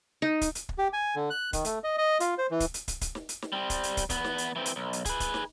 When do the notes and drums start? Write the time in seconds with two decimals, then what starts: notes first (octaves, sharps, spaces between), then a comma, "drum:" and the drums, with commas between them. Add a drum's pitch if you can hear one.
0.22 D#4
0.41 drum: kick, hi-hat
0.55 drum: hi-hat
0.69 drum: kick
0.78 G4
0.93 G#5
1.16 D3
1.30 F#6
1.53 D#3, drum: kick, hi-hat
1.65 A3, drum: hi-hat
1.84 D#5
1.98 D#5
2.20 F4, drum: hi-hat
2.38 C5
2.51 E3
2.60 drum: kick, hi-hat
2.74 drum: hi-hat
2.88 drum: kick, hi-hat
3.01 drum: kick, hi-hat
3.15 drum: snare
3.29 drum: hi-hat
3.42 drum: snare
3.53 G3 C4
3.70 drum: kick, hi-hat
3.83 drum: hi-hat
3.97 drum: kick, hi-hat
4.10 E2 B3, drum: kick, hi-hat
4.24 drum: snare
4.38 drum: hi-hat
4.56 E3 C4
4.66 drum: hi-hat
4.76 B1
4.93 drum: hi-hat
5.05 G#4 B4, drum: kick, hi-hat
5.20 drum: kick, hi-hat
5.34 drum: snare